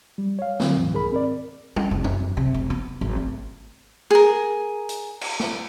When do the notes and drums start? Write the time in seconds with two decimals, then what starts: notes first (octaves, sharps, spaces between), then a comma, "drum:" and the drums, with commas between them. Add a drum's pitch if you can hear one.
0.18 G3
0.39 C#5 F5
0.60 D3 F#3 C4, drum: snare
0.76 E2 A2 E3
0.92 C2 G#2 D#3 G#4 A#4 B5
1.12 C4 A#4 D5
1.76 C#4, drum: tom G3
1.91 F1
2.04 F#2, drum: tom
2.37 C3
2.54 F1
2.70 B3
3.01 G#1
3.16 A3
4.11 G#4 A#4
4.89 drum: hi-hat
5.21 drum: cymbal
5.40 drum: snare